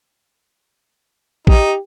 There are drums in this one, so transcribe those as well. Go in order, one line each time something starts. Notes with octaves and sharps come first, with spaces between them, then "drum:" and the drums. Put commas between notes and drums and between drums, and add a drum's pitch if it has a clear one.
D#4 G4, drum: kick